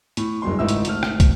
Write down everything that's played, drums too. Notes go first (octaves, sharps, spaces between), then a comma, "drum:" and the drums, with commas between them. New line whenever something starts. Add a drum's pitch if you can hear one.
A2, drum: hi-hat
F#1 G2 F#3 G#3 C6
G#1 C#2 A2 D#4 E5 E6
drum: hi-hat
G#1 A3 F6, drum: hi-hat
drum: rim click
drum: kick, hi-hat